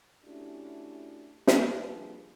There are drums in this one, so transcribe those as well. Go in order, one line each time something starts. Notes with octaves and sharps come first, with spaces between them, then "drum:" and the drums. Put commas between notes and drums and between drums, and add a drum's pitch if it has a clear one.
A3 C#4 D4 E4 F#4 G4
drum: snare
D3 F3 G3 A#3 G#4 B4